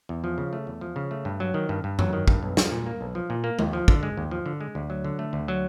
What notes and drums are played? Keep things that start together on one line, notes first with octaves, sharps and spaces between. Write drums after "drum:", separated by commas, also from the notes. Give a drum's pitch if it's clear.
E2
F3
C#3
A3
E2
F3
C#3
A3
G2
F#3
D#3
G2
G2
F#3, drum: tom F#2
D#3
G2, drum: kick
B1
F3, drum: snare
A#2
A#3
B1
F3
A#2
A#3
D#2, drum: tom G#3
F3
D3, drum: kick
G#3
D#2
F3
D3
G#3
D2
F#3
D3
A3
D2
F#3